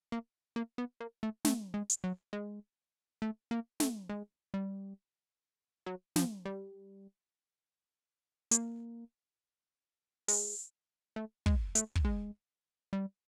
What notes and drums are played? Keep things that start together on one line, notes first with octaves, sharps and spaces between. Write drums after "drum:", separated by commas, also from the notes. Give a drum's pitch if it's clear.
A#3
A#3
B3
A#3
A3
A3, drum: snare
G#3
drum: hi-hat
F#3
G#3
A3
A#3
A3, drum: snare
G#3
G3
F#3
F3, drum: snare
G3
A#3, drum: hi-hat
G#3, drum: open hi-hat
A3
G#3, drum: kick
A3, drum: hi-hat
drum: kick
G#3
G3